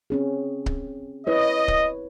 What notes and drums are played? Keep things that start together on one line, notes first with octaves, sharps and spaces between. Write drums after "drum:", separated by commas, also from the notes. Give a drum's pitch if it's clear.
C4 C#4 G#4
drum: kick C#1
E4 B4 C#5 D#5
drum: kick C#1